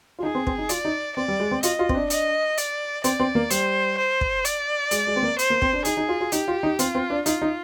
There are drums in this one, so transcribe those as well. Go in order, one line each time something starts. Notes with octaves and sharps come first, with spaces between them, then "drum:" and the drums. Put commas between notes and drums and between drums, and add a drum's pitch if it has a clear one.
F4
D#4 G#4
C4
C4, drum: kick
D#4
F4 D5, drum: hi-hat
D#4
C4 D5
G3
G#3
C4
F4 D#5, drum: hi-hat
F4
C4, drum: kick
D4
D#5, drum: hi-hat
D5, drum: hi-hat
C4 D5, drum: hi-hat
C4
A#3
G3 C5, drum: hi-hat
C5
drum: kick
D5, drum: hi-hat
G#3, drum: hi-hat
G#3
C4
A#3
C5, drum: hi-hat
A#3
C4, drum: kick
D4
D#4 G#4, drum: hi-hat
D#4
F4
F4
D#4 G4, drum: hi-hat
F4
D#4
C4 F4, drum: hi-hat
C4
D4
D#4 F4, drum: hi-hat
D#4